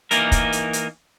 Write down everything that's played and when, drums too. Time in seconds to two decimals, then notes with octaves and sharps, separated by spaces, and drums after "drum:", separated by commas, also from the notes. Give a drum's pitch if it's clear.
0.11 E3 A#3 D#4 A#4, drum: hi-hat
0.32 drum: kick, hi-hat
0.52 drum: hi-hat
0.73 drum: hi-hat